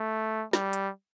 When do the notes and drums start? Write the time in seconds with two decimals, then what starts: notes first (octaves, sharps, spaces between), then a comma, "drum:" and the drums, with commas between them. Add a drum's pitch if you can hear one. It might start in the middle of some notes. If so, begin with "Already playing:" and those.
Already playing: A3
0.53 G3, drum: snare
0.73 drum: hi-hat